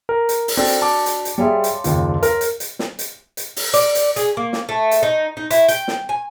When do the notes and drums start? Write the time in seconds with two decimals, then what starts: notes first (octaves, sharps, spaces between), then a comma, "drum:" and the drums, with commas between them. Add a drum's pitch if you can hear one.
0.09 A#4
0.29 drum: hi-hat
0.48 drum: open hi-hat
0.57 C4 D4 F#4 A4
0.67 drum: hi-hat
0.82 A5 D6
1.06 drum: hi-hat
1.25 drum: hi-hat
1.38 G3 G#4 C#5 E5 F5 C6
1.64 drum: hi-hat
1.84 F#1 D#2 F4, drum: hi-hat
2.23 A#4, drum: hi-hat
2.41 drum: hi-hat
2.60 drum: hi-hat
2.79 drum: snare
2.99 drum: hi-hat
3.37 drum: hi-hat
3.56 drum: open hi-hat
3.74 D5, drum: hi-hat
3.95 drum: hi-hat
4.16 G#4, drum: hi-hat
4.37 A#3
4.53 drum: snare
4.69 A3
4.91 drum: hi-hat
5.03 D#4
5.37 D#4
5.51 E4, drum: hi-hat
5.68 G5, drum: hi-hat
5.88 drum: snare
6.09 G#5